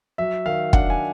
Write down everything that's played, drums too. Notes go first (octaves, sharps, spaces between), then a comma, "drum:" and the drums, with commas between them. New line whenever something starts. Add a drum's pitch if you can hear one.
F#3 E5
D#3 F5
D4 F#5, drum: kick
G#5